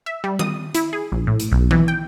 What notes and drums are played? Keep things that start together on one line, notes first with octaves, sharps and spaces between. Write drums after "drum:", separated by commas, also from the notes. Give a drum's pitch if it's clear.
E5
G3
D#6, drum: tom D#3
E4, drum: hi-hat
G#4
A#1
A2
drum: hi-hat
B1
E3, drum: tom D#3
G5